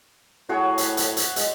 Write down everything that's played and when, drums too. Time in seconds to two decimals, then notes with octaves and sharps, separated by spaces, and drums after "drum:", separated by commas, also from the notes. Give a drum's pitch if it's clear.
0.49 A2 F#4 G#4 C#5
0.78 drum: hi-hat
0.97 drum: hi-hat
1.17 drum: hi-hat
1.36 G#3, drum: hi-hat